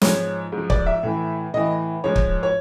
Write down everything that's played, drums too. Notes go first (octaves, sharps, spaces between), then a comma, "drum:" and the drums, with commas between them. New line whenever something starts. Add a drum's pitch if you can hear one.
G#2 C#5, drum: snare
F3
G#2
F3
D5, drum: kick
E5
A2 E3
A2 E3 D#5
G#2 F3 C#5
drum: kick
C#5